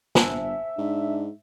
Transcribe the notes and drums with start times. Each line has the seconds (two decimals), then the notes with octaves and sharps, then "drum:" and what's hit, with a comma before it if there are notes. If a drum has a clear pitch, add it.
0.15 G1 C5 E5 G#5 A5, drum: snare
0.78 G#2 D4